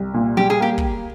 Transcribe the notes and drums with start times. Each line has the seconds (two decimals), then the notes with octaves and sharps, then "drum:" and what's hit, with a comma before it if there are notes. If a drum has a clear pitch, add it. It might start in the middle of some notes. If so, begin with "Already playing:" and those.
Already playing: C2
0.14 A#2
0.37 G3 G4
0.50 G#4
0.60 A#3 G4
0.78 drum: kick